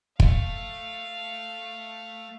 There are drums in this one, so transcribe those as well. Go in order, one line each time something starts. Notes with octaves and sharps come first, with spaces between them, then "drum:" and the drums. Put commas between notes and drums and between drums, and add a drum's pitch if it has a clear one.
A3 F5, drum: kick